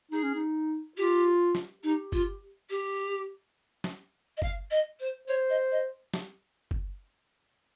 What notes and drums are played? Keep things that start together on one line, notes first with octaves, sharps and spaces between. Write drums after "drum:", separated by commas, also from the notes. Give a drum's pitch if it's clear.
D#4 G#4
C#4
D#4
F4 G4
drum: snare
D#4 G4
F4, drum: kick F#1
G4
drum: snare
D#5
F5, drum: kick F#1
D#5
C5
C5 C#5
D#5
D#5
drum: snare
drum: kick F#1